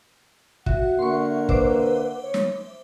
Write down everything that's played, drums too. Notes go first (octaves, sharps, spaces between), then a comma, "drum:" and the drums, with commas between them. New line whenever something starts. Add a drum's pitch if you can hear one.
F#4 E5 F#5, drum: kick
D3 A#3 C6 C#6
B4 C5 E5 D6, drum: kick
C#5
drum: snare